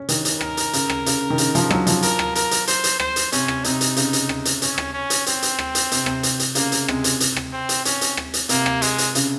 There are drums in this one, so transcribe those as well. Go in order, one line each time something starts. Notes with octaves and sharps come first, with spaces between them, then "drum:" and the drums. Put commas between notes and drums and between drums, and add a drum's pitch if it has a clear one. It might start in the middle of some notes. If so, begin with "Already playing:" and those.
Already playing: C#4
D#3, drum: hi-hat
drum: hi-hat
A#4, drum: rim click
drum: hi-hat
C#3, drum: hi-hat
drum: rim click
C#3, drum: hi-hat
D#3
C#3, drum: hi-hat
F3, drum: hi-hat
F#3, drum: rim click
F3, drum: hi-hat
A#4, drum: hi-hat
drum: rim click
A#4, drum: hi-hat
drum: hi-hat
C5, drum: hi-hat
drum: hi-hat
C5, drum: rim click
drum: hi-hat
C3 C#4, drum: hi-hat
drum: rim click
C3 D#4, drum: hi-hat
drum: hi-hat
C#3, drum: hi-hat
drum: hi-hat
drum: rim click
drum: hi-hat
C#4, drum: hi-hat
drum: rim click
C#4
drum: hi-hat
C4, drum: hi-hat
drum: hi-hat
drum: rim click
drum: hi-hat
C3, drum: hi-hat
C3, drum: rim click
drum: hi-hat
drum: hi-hat
C#3 A#3, drum: hi-hat
drum: hi-hat
C3 G#3, drum: rim click
drum: hi-hat
drum: hi-hat
drum: rim click
C4
drum: hi-hat
C#4, drum: hi-hat
drum: hi-hat
drum: rim click
drum: hi-hat
C3 A#3, drum: hi-hat
drum: rim click
G#3, drum: hi-hat
drum: hi-hat
C#3, drum: hi-hat